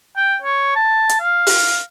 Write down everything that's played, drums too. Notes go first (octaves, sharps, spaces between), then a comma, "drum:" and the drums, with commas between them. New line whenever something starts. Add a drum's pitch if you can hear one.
G5
C#5
A5
drum: hi-hat
F5
drum: open hi-hat